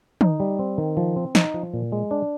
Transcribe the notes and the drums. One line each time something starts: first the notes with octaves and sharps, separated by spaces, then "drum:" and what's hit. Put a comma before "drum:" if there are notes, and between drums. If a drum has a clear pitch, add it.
D#4, drum: tom
G3
C4
D#3
F3
C4
D#4, drum: snare
F3
A#2
G#3
D4